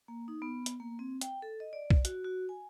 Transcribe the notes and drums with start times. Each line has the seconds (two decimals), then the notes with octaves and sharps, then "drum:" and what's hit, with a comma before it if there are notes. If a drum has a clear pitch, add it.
0.08 A#3
0.28 D#4
0.42 B3
0.66 drum: hi-hat
0.80 A#3
0.99 C4
1.21 G5, drum: hi-hat
1.42 A4
1.60 D#5
1.73 D5
1.90 drum: kick
2.05 F#4, drum: hi-hat
2.25 F#4
2.49 G#5